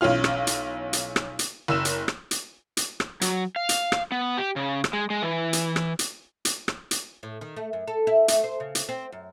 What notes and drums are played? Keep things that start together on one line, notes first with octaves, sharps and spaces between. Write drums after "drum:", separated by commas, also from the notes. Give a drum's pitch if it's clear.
B1 E3 C#4 F4 F6
drum: rim click
drum: hi-hat
drum: hi-hat
drum: rim click
drum: hi-hat
F#1 E6 E7
drum: hi-hat
drum: rim click
drum: hi-hat
drum: hi-hat
drum: rim click
F#3, drum: hi-hat
F5
drum: hi-hat
drum: rim click
B3
G4
C#3
drum: rim click
G#3
G#3
E3
drum: hi-hat
drum: rim click
drum: hi-hat
drum: hi-hat
drum: rim click
drum: hi-hat
A2
D#3
A3
F#2
A4
E4
A3, drum: hi-hat
C5
C#3
drum: hi-hat
C4
F#2